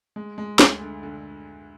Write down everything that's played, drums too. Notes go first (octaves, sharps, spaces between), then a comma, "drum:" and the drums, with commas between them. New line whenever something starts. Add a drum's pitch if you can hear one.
G#3
G#3
D2, drum: snare
D3
D3